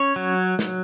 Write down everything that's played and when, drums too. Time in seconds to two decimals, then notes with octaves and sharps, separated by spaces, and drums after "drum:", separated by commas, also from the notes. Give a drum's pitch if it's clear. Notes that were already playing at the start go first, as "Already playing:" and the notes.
Already playing: C#4 C#5
0.16 F#3
0.59 drum: snare